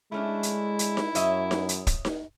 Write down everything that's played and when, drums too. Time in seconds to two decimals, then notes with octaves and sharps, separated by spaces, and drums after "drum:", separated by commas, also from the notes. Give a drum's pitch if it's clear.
0.12 G#3 A3 C#4 D4 E4
0.43 drum: hi-hat
0.79 drum: hi-hat
0.97 drum: snare D#4
1.15 F#2 C#5 D#5 E5, drum: hi-hat
1.51 drum: snare D#4
1.69 drum: hi-hat
1.87 drum: kick, hi-hat
2.05 drum: snare D#4